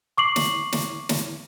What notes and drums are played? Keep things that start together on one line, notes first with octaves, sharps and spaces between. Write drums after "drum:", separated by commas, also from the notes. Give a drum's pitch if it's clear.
C#6 D6 C7 F#7
drum: snare
drum: snare
drum: snare